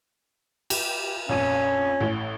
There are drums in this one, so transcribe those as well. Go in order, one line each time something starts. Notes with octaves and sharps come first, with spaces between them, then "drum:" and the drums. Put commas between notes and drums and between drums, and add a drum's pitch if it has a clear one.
G4, drum: cymbal
A#1 F2 C#4 D#7
A1 A2